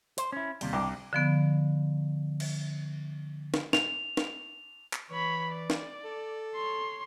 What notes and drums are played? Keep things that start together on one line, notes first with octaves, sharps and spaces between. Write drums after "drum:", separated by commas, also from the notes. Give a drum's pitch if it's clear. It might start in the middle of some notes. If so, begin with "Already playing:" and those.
C5, drum: hi-hat
C#4 E4
D#2 C3 G3, drum: cymbal
C2 D4 G4
D3 F3 B3
drum: cymbal
drum: snare
F7, drum: snare
drum: snare
drum: clap
E3 C#5 B5
D5
drum: snare
A4
C#5 C6